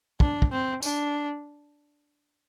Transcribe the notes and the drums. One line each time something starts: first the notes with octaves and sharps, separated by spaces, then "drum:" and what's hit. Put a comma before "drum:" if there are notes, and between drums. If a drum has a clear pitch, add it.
D4, drum: kick
drum: kick
C4
D4, drum: tambourine